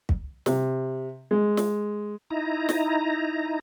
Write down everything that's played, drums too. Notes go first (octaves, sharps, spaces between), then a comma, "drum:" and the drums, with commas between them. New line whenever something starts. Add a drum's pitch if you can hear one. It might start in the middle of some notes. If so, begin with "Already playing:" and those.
drum: kick
C3, drum: snare
G#3
drum: snare
D#4 E4 A#5
drum: snare